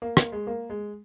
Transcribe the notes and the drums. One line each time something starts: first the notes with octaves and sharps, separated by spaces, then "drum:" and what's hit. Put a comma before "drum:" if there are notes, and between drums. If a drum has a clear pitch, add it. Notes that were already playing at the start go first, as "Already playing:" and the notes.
A#3
A#3, drum: rim click
G#3
A#3
G#3